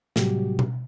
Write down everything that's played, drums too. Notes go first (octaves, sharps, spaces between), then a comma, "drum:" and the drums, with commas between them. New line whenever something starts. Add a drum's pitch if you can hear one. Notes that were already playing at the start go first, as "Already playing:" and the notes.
A2 C3 F#3 G3 F#4 G4, drum: snare
drum: tom B2